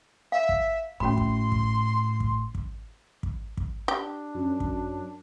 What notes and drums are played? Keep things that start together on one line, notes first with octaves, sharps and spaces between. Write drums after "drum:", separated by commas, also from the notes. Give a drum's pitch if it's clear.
E5 F5
drum: kick
A2 C#4 F#4 B5 C6
drum: kick
drum: kick
drum: kick
drum: kick
drum: kick
drum: kick
D4 G4
F#2
drum: kick